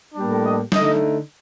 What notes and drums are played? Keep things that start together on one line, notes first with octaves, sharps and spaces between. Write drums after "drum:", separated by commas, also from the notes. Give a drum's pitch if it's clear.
A2 G3 A#3 D4
D#5
D3 A3 D#4 D#5, drum: snare